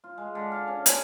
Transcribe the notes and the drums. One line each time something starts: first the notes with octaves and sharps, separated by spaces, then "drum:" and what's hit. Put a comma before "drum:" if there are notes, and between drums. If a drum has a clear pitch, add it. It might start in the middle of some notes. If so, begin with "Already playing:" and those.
F4
G#3
D3
F5
C#4
G#4, drum: hi-hat